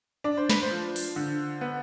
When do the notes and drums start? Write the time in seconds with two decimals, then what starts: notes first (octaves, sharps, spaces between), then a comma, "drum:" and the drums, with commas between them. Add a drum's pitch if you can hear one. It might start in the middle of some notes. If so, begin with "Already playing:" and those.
0.24 D4 D5
0.37 C5
0.49 B4, drum: snare
0.62 C5
0.71 F3
0.96 drum: open hi-hat
1.16 D3
1.61 B3